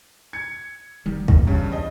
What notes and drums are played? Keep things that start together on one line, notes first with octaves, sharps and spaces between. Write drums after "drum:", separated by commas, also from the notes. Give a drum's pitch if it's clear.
G#6 C#7
F1 D#3 G3
drum: kick
E2 G2 C#3 G3
D#5